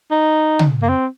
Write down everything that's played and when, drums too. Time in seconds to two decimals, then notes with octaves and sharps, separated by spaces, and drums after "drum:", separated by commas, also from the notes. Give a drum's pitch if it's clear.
0.11 D#4
0.59 drum: tom
0.82 A#3
0.89 C4